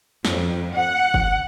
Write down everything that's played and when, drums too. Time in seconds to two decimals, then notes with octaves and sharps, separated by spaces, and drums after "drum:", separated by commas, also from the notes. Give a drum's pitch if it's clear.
0.25 F2, drum: snare
0.75 F#5
1.14 drum: kick G1